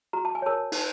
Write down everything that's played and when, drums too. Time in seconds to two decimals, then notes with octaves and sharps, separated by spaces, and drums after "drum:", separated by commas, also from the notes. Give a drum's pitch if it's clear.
0.13 F#4 A#5
0.25 A5
0.35 G#5
0.42 A#4 C#5 A5
0.72 D#4, drum: cymbal